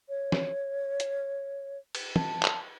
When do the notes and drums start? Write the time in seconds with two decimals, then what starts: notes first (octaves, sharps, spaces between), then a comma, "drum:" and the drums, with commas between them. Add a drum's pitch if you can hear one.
0.09 C#5
0.32 drum: snare
1.00 drum: hi-hat
1.95 drum: cymbal
2.16 A5, drum: tom
2.43 drum: clap